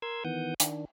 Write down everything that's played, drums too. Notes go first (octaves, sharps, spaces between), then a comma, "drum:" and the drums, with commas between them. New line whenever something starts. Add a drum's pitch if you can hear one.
A#4 C6 E6 G#6
D#3 E3 B3 F#5 D#6 G6
D#3 D4, drum: hi-hat